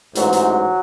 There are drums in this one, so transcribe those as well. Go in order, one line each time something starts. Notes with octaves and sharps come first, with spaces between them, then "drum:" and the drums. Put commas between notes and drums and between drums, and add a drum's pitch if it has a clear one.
A1 G#2 E3 F#3, drum: hi-hat
drum: hi-hat